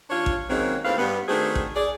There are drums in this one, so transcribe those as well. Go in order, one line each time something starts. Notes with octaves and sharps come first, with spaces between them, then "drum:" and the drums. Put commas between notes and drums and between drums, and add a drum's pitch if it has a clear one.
D#2 D4 F4 C#5
drum: kick A1
D#3 F#3 G#3 A#3 C4 C#4
D#2 A2 C4 B4 F5
G2 B3
D#3 A3 C4 D4 F#4 G#4
drum: kick A1
G#4 D5